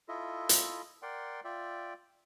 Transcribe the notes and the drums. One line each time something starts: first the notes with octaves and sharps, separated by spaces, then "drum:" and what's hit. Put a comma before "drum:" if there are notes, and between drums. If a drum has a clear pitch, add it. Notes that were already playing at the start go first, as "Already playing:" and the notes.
E4 F4 A4 D#5 E5
drum: hi-hat
A#4 D5 F#5 G5 C6
F4 D5 E5 G5